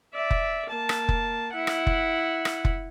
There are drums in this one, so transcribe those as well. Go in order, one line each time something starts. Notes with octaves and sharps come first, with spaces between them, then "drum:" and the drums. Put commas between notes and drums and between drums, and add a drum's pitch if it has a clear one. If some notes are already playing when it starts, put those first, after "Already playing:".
D5 E5
drum: kick F1
A#3 A5
drum: rim click
drum: kick F1
E4 F#5
drum: rim click
drum: kick F1
drum: rim click
drum: kick F1